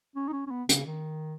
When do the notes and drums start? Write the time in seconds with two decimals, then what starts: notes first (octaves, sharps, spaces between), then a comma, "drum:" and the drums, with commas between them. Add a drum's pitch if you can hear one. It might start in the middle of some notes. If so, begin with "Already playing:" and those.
0.16 C#4
0.28 D#4
0.33 C#4
0.47 C#4
0.51 B3
0.69 C#3, drum: hi-hat
0.86 D#3